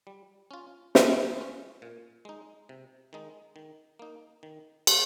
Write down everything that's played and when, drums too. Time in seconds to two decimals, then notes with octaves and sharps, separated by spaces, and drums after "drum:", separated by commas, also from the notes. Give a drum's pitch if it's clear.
0.07 G3
0.51 C#4 F4
0.95 G3, drum: snare
1.38 C#4 F4
1.82 A#2
2.25 G#3 D#4
2.69 C3
3.13 D#3 G#3 D#4
3.56 D#3
3.99 A#3 D#4
4.43 D#3
4.87 G3 A#3, drum: cymbal